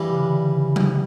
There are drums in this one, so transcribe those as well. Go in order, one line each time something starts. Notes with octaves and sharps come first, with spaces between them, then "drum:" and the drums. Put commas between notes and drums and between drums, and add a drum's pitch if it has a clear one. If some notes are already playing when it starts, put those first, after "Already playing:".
Already playing: G2 E3 G3
C#3
D3
C#3
C#3, drum: tom F#3